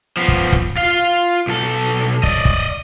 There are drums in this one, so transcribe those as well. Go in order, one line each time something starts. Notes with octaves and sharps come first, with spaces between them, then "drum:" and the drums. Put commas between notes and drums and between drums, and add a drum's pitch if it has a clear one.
F3 B3
drum: kick
drum: kick
F4 F5
B1 A4
D5 D#5, drum: kick
drum: kick